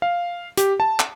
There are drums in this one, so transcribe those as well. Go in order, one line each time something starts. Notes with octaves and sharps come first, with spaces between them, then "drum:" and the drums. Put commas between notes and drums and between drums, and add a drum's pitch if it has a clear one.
F5
G4, drum: hi-hat
A5
drum: clap